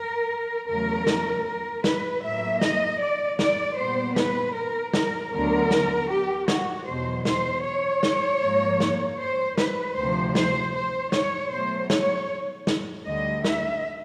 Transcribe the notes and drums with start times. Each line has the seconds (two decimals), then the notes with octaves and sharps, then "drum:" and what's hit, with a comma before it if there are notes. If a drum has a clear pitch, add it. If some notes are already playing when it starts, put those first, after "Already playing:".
Already playing: A#4
0.68 E2 C#3 F#3 A3 A#4
1.07 drum: snare
1.45 A#4
1.84 B4, drum: snare
2.23 A2 F#3 A#3 E5
2.61 D#5, drum: snare
3.00 D5
3.39 D5, drum: snare
3.77 A#2 G3 B3 C5
4.16 B4, drum: snare
4.55 A#4
4.94 A#4, drum: snare
5.32 D2 D3 F#3 B3 A#4
5.71 drum: snare
6.09 G4
6.48 F#4, drum: snare
6.86 E2 B2 F#3 C5
7.25 C5, drum: snare
7.64 C#5
8.03 drum: snare
8.42 G#2 F3 A#3
8.80 drum: snare
9.19 C5
9.58 B4, drum: snare
9.96 D2 C3 F3 C5
10.35 C5, drum: snare
10.74 C5
11.12 C#5, drum: snare
11.51 B2 F#3 A3 C5
11.90 C#5, drum: snare
12.67 drum: snare
13.06 D2 D3 G3 D#5
13.44 E5, drum: snare